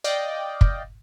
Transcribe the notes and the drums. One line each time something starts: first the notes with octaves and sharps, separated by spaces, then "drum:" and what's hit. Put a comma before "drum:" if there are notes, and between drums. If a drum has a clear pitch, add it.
D5 D#5 F5 G5
drum: kick